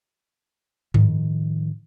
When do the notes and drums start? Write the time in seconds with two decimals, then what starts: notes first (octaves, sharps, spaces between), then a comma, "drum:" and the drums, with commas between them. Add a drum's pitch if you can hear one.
0.94 A2 D#3 F3, drum: tom G2